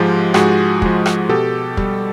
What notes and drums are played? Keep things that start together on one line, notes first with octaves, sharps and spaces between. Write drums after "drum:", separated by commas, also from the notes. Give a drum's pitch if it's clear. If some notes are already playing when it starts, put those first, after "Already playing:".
Already playing: G#2 F3 G#3 F4 G4
G#2 F#4 G#4, drum: rim click
F3 G#3, drum: kick
drum: rim click
B2 G4 A4
G3, drum: kick